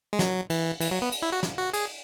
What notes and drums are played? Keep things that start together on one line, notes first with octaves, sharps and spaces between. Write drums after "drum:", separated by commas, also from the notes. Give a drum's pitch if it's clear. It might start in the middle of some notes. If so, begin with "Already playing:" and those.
G#3
F#3, drum: snare
E3, drum: cymbal
E3, drum: cymbal
F#3
B3
drum: cymbal
E4
F#4
drum: snare
F#4
G#4, drum: cymbal